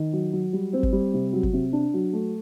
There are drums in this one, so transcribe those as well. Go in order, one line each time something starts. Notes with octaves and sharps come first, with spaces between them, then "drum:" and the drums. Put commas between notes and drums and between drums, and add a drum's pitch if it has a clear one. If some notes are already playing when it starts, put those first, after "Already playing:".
Already playing: D#3
F#3
F#3
G3
C4
drum: kick
G3
C3
F#3
drum: kick
C3
D4
F#3
A3